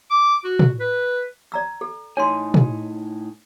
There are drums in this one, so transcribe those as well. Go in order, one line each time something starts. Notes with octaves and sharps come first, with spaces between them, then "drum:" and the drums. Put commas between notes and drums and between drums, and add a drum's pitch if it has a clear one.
D6
F#4
drum: tom
B4
D5 A#5 E6
A4
A2 D#4 C#5 G#5 C6
drum: tom